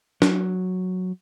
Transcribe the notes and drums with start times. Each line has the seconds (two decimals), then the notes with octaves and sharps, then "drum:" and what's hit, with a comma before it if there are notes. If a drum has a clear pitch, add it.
0.22 F#3, drum: snare